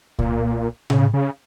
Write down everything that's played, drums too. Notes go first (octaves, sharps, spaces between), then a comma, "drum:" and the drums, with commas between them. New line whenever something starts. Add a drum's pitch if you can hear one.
A#2, drum: kick C2
C#3, drum: tom A2
C#3